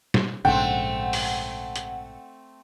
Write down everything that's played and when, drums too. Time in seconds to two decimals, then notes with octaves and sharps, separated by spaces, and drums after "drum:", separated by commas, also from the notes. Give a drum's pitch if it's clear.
0.14 drum: snare
0.45 A#1 G#2 C#3 A3 C4 F#5 G5
1.13 drum: open hi-hat
1.76 drum: hi-hat